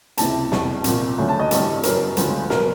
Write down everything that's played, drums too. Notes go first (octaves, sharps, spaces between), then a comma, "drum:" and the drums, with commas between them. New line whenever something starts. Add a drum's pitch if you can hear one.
C#2 C3 E3 A5, drum: hi-hat
F1 E2 B2, drum: snare
C2 A#2 F3, drum: hi-hat
D2 C#3 F#3 A3
A5
D#5
G#1 G2 E3 G3 A4, drum: hi-hat
F#2 C#3 F#3 B3 A#4, drum: hi-hat
D2 C#3 F3 G#3 B3, drum: hi-hat
B2 F#3 B3 A#4, drum: snare